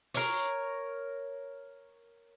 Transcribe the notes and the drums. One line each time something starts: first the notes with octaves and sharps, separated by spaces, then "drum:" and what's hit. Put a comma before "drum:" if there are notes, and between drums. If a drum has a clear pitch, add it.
A#4 C#5, drum: open hi-hat